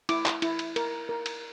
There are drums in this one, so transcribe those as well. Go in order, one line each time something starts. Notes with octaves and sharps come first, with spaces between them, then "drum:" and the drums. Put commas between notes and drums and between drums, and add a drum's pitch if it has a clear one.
E4 D6, drum: cymbal
drum: clap
E4, drum: cymbal
drum: cymbal
A#4, drum: cymbal
A#4
drum: cymbal